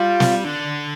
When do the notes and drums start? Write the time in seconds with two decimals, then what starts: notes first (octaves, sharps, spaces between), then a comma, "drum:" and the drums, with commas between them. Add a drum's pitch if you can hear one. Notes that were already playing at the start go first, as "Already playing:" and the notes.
Already playing: G3 F4
0.20 drum: snare
0.44 D3